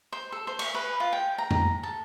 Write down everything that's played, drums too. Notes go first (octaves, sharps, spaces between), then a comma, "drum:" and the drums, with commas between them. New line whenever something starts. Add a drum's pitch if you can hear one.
C5
A4
C5
C#6, drum: cymbal
B4
F4
G5
A#5
drum: tom F2
A4